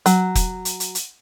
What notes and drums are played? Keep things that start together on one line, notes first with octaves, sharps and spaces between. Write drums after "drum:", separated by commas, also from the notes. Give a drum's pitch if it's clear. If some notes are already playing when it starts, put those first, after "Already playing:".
F#3, drum: hi-hat
drum: kick, hi-hat
drum: hi-hat
drum: hi-hat
drum: hi-hat